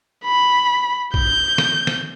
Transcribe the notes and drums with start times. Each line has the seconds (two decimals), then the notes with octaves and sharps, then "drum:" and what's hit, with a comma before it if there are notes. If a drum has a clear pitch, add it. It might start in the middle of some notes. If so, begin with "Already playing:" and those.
0.25 B5
1.14 G6, drum: kick A#1
1.58 drum: snare
1.87 drum: snare